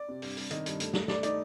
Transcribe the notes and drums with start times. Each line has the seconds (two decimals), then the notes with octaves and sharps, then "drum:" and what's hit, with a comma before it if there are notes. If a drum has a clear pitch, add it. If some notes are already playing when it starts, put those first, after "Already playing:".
Already playing: D5
0.09 C3
0.22 G2, drum: open hi-hat
0.37 G2, drum: open hi-hat
0.51 D#3 D#5, drum: hi-hat
0.66 G2, drum: hi-hat
0.80 A3, drum: hi-hat
0.94 A3, drum: snare
1.08 A3 D5, drum: snare
1.23 D#4 D5, drum: hi-hat